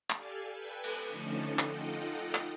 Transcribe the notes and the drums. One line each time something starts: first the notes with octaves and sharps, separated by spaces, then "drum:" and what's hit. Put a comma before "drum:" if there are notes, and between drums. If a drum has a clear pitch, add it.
G4 A4 D5 F5 G#5, drum: clap
A4 B4 G5 G#5 F#6
drum: cymbal
D3 F3 A3 C#4 D#4 A4
D#4 F4 A4 D#5 F#5 G5, drum: clap
drum: clap